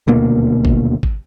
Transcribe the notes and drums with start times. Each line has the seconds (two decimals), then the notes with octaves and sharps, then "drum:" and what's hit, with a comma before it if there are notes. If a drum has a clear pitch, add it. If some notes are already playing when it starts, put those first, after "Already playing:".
0.07 D#1 D2 B2 A#3
0.65 drum: kick G#1
1.03 drum: kick G#1